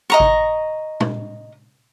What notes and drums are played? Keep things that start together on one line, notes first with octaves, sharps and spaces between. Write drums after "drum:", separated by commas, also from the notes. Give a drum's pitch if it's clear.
D#5 A#5 C#6
drum: kick G#1
drum: tom